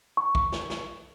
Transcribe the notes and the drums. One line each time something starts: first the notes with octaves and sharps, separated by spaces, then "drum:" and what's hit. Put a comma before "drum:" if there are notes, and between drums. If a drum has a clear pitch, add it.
C#6
drum: kick
drum: snare
drum: snare